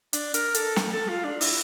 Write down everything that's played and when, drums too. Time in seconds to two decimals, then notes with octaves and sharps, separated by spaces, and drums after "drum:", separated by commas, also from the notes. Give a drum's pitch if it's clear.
0.13 D4, drum: hi-hat
0.34 A#4, drum: hi-hat
0.55 A4, drum: hi-hat
0.76 drum: snare
0.93 A4
1.08 F4
1.24 D4
1.41 E4, drum: open hi-hat